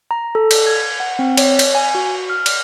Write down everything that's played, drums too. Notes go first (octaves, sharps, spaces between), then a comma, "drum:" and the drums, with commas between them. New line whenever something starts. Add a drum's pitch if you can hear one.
A#5
A4
drum: cymbal
G#6
F#5
C4
C#5, drum: cymbal
drum: cymbal
G#5
F#4
F6
drum: cymbal